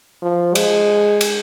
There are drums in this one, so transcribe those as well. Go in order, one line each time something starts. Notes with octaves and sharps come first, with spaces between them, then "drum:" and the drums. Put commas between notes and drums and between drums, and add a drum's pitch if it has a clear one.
F3
G#3, drum: cymbal
drum: cymbal